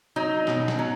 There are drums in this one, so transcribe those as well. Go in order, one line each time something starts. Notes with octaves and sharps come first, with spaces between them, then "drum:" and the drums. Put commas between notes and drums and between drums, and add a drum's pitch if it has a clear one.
F#3 D#4
B2, drum: snare
drum: snare
F#3